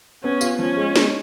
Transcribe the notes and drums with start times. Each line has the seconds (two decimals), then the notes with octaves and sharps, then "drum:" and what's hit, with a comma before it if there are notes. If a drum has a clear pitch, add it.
0.23 B3 C#4
0.41 F4, drum: tambourine
0.59 F3 C#4
0.77 G#3
0.96 G#3, drum: snare